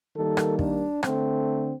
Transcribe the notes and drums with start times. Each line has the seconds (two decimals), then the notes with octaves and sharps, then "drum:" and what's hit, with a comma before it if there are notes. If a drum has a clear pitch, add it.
0.15 D#3 G3 A#3 A4
0.37 drum: rim click
0.59 D4, drum: kick
1.03 D3 A3 C4, drum: rim click